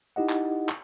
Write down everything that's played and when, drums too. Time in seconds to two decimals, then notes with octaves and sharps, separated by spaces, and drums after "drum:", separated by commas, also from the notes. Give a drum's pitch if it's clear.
0.16 D#4 E4 G4 D#5 F#5
0.29 drum: clap
0.69 drum: clap